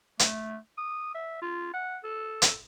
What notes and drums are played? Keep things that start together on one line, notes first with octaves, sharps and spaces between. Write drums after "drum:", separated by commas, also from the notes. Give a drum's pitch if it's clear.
A3, drum: hi-hat
D#6
E5
F4
F#5
A4
drum: hi-hat